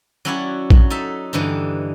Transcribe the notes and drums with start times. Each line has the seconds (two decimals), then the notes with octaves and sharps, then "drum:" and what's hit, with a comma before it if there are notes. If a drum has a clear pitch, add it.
0.25 F#3 C#4 E4 F#4 C#5 D5
0.70 F#3, drum: kick A#1
0.90 D#4 A4 E5
1.33 G2 D3 E3 D#4